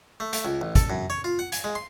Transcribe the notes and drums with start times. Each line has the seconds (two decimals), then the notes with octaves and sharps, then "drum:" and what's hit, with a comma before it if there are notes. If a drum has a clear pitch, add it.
0.20 A3
0.33 A3, drum: hi-hat
0.45 C#2
0.61 A1
0.75 A4, drum: kick, hi-hat
0.90 F#2
1.10 C#5
1.24 F4
1.39 F#5
1.52 G#5, drum: hi-hat
1.64 G#3
1.75 C6